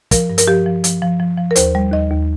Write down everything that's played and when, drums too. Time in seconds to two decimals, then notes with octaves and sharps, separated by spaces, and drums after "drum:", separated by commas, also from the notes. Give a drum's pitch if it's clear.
0.11 F3 A#4, drum: kick, hi-hat
0.30 G2
0.38 A#4, drum: hi-hat
0.48 F3 G4
0.66 F3
0.84 F3, drum: hi-hat
1.02 F3
1.20 F3
1.38 F3
1.51 A#4
1.56 D#2 C5, drum: hi-hat
1.75 G3
1.92 D#2 D#5
2.10 D#2